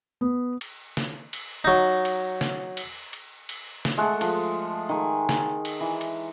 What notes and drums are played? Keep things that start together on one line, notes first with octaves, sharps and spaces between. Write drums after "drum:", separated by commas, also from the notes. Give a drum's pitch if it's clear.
B3
drum: cymbal
drum: snare
drum: cymbal
F#3 D#4
drum: cymbal
drum: snare
drum: cymbal
drum: cymbal
drum: cymbal
drum: snare
G#3 A3 A4 F#5
F3, drum: cymbal
D#3 G#5
drum: snare
drum: cymbal
E3
drum: cymbal